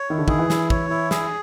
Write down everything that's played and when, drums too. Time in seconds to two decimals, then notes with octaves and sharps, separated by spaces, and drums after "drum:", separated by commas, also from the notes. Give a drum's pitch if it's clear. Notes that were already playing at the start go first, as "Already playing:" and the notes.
Already playing: C#5
0.10 D#3 E4
0.18 D3
0.28 D#3 G#4, drum: kick
0.39 E3
0.50 E4, drum: snare
0.70 C#5, drum: kick
0.90 E4
1.11 G#4, drum: snare